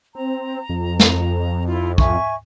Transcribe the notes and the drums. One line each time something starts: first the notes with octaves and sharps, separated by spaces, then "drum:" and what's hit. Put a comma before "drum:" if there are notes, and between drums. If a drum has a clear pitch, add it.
C4 A#5
F2
drum: snare
E4 F4
E5 G#5 C#6, drum: kick